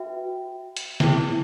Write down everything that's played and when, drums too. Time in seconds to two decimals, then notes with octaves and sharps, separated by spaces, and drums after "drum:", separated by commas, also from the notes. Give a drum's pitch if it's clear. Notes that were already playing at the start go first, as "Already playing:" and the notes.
Already playing: F#4 B4 E5 G5
0.76 drum: hi-hat
1.00 C#4 E4 G#4, drum: snare